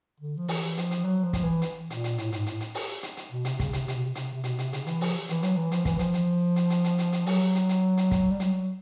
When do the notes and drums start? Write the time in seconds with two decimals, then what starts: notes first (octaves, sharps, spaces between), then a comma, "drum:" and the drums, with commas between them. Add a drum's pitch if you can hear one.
0.20 D3
0.37 F3
0.48 E3, drum: open hi-hat
0.77 F3, drum: hi-hat
0.91 drum: hi-hat
1.05 F#3
1.24 F3
1.33 drum: kick, hi-hat
1.43 E3
1.62 drum: hi-hat
1.90 A#2, drum: hi-hat
2.04 drum: hi-hat
2.18 A2, drum: hi-hat
2.32 G#2, drum: hi-hat
2.46 A2, drum: hi-hat
2.60 drum: hi-hat
2.75 drum: open hi-hat
3.03 drum: hi-hat
3.17 drum: hi-hat
3.31 B2
3.45 C3, drum: hi-hat
3.60 C#3, drum: kick, hi-hat
3.73 C3, drum: hi-hat
3.88 C3, drum: hi-hat
3.96 B2
4.05 C3
4.15 C3, drum: hi-hat
4.33 C3
4.44 B2, drum: hi-hat
4.58 C3, drum: hi-hat
4.73 C#3, drum: hi-hat
4.86 E3, drum: hi-hat
5.01 F3, drum: open hi-hat
5.29 E3, drum: hi-hat
5.43 F#3, drum: hi-hat
5.57 E3
5.71 F3, drum: hi-hat
5.85 E3, drum: kick, hi-hat
5.99 F3, drum: hi-hat
6.14 drum: hi-hat
6.56 drum: hi-hat
6.70 drum: hi-hat
6.84 drum: hi-hat
6.98 drum: hi-hat
7.13 drum: hi-hat
7.26 F#3, drum: open hi-hat
7.55 drum: hi-hat
7.69 drum: hi-hat
7.97 drum: hi-hat
8.11 drum: kick, hi-hat
8.31 G3
8.40 F#3, drum: hi-hat